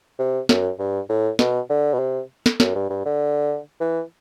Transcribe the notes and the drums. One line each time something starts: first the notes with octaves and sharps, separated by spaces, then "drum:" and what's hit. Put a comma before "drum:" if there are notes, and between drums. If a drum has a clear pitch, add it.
C3
F#2, drum: snare
G2
A2
B2, drum: snare
D3
B2
C3
drum: snare
F#2, drum: snare
G2
G2
D3
E3